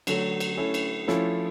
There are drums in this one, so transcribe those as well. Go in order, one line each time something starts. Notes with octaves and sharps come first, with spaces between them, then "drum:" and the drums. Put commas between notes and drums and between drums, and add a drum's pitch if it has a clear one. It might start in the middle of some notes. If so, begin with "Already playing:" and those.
D3 F#3 A3, drum: cymbal
drum: cymbal
A3 C#4 E4 A4
drum: cymbal
F3 A3 C#4 E4, drum: snare